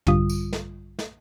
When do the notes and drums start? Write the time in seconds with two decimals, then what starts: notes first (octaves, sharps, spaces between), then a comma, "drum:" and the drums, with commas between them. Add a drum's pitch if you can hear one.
0.07 A#1 G2 D3 G3 F4 D#6, drum: tom
0.30 drum: tambourine
0.53 drum: snare
0.99 drum: snare